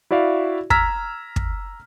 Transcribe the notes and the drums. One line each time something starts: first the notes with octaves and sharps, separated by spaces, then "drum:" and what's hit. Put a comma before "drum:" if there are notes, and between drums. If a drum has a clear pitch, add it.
E4 F#4 D5 E5 F5
A#5 E6 F6 G#6 A#6 B6, drum: kick
drum: kick